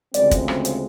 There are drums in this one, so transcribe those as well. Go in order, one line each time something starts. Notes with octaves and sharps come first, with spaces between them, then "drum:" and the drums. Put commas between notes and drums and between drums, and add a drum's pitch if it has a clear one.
D2 C#3 F3 G#3 C4 D5, drum: hi-hat
drum: kick, hi-hat
drum: rim click
drum: hi-hat